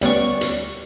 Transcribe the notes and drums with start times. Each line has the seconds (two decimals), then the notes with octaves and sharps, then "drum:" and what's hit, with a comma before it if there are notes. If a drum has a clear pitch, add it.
0.01 D2 G3 B3 C#4 D5 C#6, drum: hi-hat
0.41 drum: hi-hat